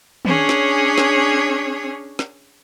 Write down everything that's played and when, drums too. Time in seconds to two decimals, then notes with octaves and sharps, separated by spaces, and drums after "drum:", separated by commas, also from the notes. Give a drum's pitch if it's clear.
0.25 C#4 D4 G#4 C#5, drum: tom D#3
0.49 drum: snare
0.98 drum: snare
2.19 drum: snare